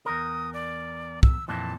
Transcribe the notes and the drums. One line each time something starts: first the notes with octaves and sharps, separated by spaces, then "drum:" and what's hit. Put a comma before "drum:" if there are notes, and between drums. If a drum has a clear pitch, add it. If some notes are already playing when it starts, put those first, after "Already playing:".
E2 A#4 D#6
D5
E6, drum: kick
F2 A#2 E3 A5